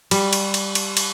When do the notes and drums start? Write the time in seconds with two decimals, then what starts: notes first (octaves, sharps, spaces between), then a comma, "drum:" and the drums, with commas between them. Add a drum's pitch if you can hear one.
0.11 G3, drum: cymbal
0.33 drum: cymbal
0.54 drum: cymbal
0.75 drum: cymbal
0.97 drum: cymbal